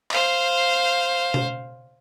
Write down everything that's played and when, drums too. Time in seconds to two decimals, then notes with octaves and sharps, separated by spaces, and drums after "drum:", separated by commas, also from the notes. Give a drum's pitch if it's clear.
0.11 C5 F5, drum: clap
1.34 drum: tom B2